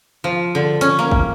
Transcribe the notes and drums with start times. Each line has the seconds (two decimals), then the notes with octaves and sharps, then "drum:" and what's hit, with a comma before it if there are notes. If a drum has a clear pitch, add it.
0.24 F3
0.55 D3
0.81 C#4, drum: hi-hat
0.99 A#3
1.11 drum: kick G#1